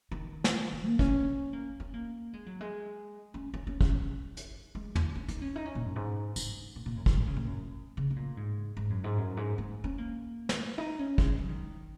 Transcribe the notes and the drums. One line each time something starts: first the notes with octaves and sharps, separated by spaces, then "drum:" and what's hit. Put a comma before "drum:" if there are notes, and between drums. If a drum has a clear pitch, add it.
D#3
drum: snare
D#3
A#3
C#4, drum: kick
A#3
C#4
A#3
G#3
F#3
G#3
C#4
C#4
C#4
C#4, drum: kick
drum: hi-hat
G#3
drum: tom
C#4
D#4, drum: hi-hat
C#4
D#4
C#4
A#2
F#2
G#2
G#2, drum: tambourine
A#2
A#2
F#2
G#2, drum: kick
D#3
C#3
A#2
F#2
C#3
C#3
A#2
G#2
G#2
F#2
G#2
F#2
G#2
G#2
C#4
A#3
drum: snare
D#4
C#4
G#3, drum: kick
F#3
D#3